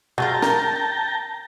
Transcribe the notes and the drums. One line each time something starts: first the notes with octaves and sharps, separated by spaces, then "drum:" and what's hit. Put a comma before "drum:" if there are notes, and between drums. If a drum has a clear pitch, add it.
F#3 G#3 F4 G5 A5 A#5, drum: tom B2
A#4, drum: snare